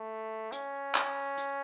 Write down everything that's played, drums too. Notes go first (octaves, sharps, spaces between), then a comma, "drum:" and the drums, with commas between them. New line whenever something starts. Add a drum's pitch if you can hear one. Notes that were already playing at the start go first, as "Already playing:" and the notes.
Already playing: A3
C#4, drum: hi-hat
drum: clap
drum: hi-hat